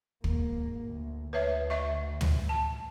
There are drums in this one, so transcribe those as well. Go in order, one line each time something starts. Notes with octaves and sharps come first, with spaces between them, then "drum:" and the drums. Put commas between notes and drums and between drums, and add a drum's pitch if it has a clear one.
G#2 A#3, drum: kick
D2
D2 B4 C#5 E5
D#5 E5 C#6
drum: tom
A5